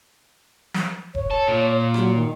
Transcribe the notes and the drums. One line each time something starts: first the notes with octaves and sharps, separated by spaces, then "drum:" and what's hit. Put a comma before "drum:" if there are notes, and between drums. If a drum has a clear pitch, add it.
drum: snare
C#5, drum: kick E1
A4
A#2
F#3, drum: rim click
D#3